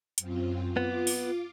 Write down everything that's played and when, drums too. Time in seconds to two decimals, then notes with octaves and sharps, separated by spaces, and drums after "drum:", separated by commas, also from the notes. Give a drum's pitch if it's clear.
0.18 F#2 C4 F4, drum: hi-hat
0.77 B3 F4 D6
1.07 drum: open hi-hat